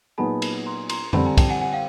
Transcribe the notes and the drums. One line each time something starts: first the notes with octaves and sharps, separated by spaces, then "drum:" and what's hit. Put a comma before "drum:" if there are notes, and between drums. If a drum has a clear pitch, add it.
A#2 F#3 B3 D#4 G#4 A5 B5
drum: cymbal
A#5 C6
A#5 C6, drum: cymbal
D3 G3 C4 A5 B5, drum: tom F2
G#5 A#5
G5 A5, drum: kick, cymbal
F#5 G#5
F#5 G#5
F5 G5